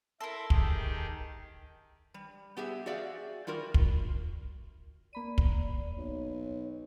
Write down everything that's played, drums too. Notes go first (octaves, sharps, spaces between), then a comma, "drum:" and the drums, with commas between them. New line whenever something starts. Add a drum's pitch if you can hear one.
E4 A4 A#4 E5 C6
D#3 G4 G#4, drum: kick
G3
B3 G4 G#4 E5
F#4 G#4 D5 E5 F5
G3 F4 F#4 A#4
drum: kick
A#3 D5 B5 D#7
drum: kick
B1 C#5